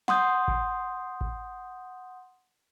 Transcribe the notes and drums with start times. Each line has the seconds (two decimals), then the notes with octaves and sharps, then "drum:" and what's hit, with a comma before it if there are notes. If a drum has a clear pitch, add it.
0.08 F#5 C6 D#6 G6, drum: snare
0.48 drum: kick A1
1.21 drum: kick A1